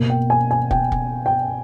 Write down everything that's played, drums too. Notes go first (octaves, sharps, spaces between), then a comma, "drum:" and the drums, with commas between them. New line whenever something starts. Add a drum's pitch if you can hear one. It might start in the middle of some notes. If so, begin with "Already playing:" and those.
Already playing: B2 A#3
G5
G#5
G#5
G5, drum: kick
drum: kick
G5